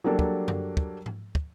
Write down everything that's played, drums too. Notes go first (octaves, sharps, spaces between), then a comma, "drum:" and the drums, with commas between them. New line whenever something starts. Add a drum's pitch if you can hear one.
F#3 G3 A#3 D4 A4
drum: kick
drum: tom F#2
drum: kick
drum: tom G#2
drum: kick